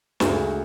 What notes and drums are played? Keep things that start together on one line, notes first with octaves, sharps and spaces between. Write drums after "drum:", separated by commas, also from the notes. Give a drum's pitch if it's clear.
D2 C#3 G#3, drum: snare